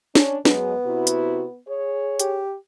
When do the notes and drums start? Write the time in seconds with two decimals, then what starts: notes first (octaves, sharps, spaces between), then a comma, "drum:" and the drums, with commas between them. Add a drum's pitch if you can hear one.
0.15 C#4 D4 C#5, drum: snare
0.45 F#2 G#3 B3, drum: snare
0.86 C3 E4 F#4
1.07 drum: hi-hat
1.68 G#4 C#5
2.19 G4, drum: hi-hat